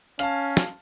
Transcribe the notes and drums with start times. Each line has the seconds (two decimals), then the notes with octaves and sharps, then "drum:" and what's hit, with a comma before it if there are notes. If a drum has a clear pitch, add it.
0.19 C#4 F5 A5, drum: hi-hat
0.57 drum: snare